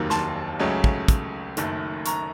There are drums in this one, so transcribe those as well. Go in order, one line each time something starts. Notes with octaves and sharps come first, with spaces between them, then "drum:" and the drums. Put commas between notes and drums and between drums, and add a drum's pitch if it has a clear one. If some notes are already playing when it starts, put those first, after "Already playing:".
Already playing: F1 D#2 D#3 F#3 A#3
A5 C6, drum: snare
C#2 C#3 F#3 A3 C#4
drum: kick
drum: kick, hi-hat
F#1 F#2 D#3 A3, drum: hi-hat
A#5 C#6, drum: hi-hat